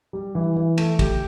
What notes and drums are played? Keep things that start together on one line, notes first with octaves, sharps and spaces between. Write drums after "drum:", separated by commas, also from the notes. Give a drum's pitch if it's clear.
G3
E3
E3
A3, drum: cymbal
G4, drum: kick, cymbal